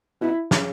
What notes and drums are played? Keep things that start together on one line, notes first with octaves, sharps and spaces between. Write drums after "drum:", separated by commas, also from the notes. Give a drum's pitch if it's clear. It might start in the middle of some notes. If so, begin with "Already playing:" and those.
B2 E4
C#3, drum: snare